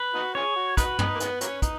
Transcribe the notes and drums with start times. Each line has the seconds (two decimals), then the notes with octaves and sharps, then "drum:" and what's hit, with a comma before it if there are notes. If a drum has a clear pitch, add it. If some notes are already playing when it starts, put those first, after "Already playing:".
Already playing: B4
0.14 B3 D#4 F#4
0.35 C#4 F4 G#4 C#5
0.56 F#4
0.77 B3 D#4 F#4 B4, drum: kick, hi-hat
0.99 G#3 B3 D#4, drum: tom
1.15 A#3
1.20 D#3 G#3 B3, drum: hi-hat
1.41 F#3 A#3 C#4, drum: hi-hat
1.62 D#4, drum: kick, hi-hat